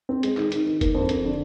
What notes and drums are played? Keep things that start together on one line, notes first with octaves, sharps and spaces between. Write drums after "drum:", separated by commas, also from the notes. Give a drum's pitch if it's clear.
C4
G#3, drum: hi-hat
D#3, drum: clap
D#3, drum: hi-hat
D#3
A#3, drum: kick F1, hi-hat
F2
F2, drum: hi-hat
D3